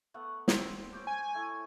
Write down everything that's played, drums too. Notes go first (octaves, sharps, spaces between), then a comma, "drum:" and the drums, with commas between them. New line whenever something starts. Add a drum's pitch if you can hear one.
A3 B3 F#5
C4 C6, drum: snare
C#4 G5 D6
G#5
A3 E4 C#6